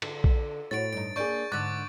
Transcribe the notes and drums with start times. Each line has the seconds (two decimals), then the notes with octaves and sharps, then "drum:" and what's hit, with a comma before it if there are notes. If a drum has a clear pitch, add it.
0.02 D3, drum: cymbal
0.24 drum: kick A#1
0.71 A2 F#4 C#5 A6 D7
0.93 G2 D#4 D7
1.16 A#3 D4 G#4 D5 C#6 G6 D7
1.52 G#2 D3 D6 F#6 A6